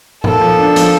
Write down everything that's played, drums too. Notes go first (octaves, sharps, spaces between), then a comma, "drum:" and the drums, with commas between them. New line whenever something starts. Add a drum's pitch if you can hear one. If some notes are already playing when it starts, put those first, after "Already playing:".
A#3 A4, drum: tom A2
F3
D4
F3, drum: hi-hat